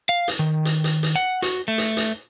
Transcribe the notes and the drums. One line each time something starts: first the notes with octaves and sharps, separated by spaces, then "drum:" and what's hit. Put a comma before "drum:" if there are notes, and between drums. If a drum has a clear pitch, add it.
F5
drum: hi-hat
D#3
drum: hi-hat
drum: hi-hat
drum: hi-hat
F#5
F#4, drum: hi-hat
A3
drum: hi-hat
drum: hi-hat